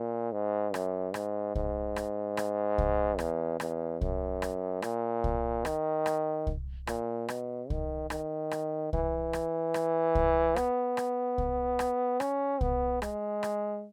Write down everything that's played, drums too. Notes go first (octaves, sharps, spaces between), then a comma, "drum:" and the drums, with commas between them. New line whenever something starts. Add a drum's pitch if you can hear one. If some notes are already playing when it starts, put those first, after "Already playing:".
Already playing: A#2
G#2
F#2, drum: rim click
G#2, drum: rim click
G#2, drum: kick C2
drum: rim click
drum: rim click
drum: kick C2
E2, drum: rim click
E2, drum: rim click
F#2, drum: kick C2
drum: rim click
A#2, drum: rim click
drum: kick C2
D#3, drum: rim click
drum: rim click
drum: kick C2
A#2, drum: rim click
B2, drum: rim click
D#3, drum: kick C2
D#3, drum: rim click
drum: rim click
E3, drum: kick C2
drum: rim click
drum: rim click
drum: kick C2
B3, drum: rim click
drum: rim click
drum: kick C2
drum: rim click
C#4, drum: rim click
B3, drum: kick C2
G#3, drum: rim click
drum: rim click